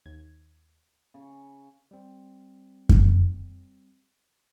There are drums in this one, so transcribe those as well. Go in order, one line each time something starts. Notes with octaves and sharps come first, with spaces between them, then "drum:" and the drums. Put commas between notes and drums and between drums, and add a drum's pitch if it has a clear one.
D#2 G#6
C#3
G3 C4
drum: kick F#2